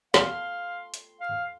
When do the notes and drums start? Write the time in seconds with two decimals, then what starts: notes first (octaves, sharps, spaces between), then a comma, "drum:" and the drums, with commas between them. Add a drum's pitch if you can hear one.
0.14 B3 D5 F5 C6, drum: snare
0.94 drum: hi-hat
1.21 F5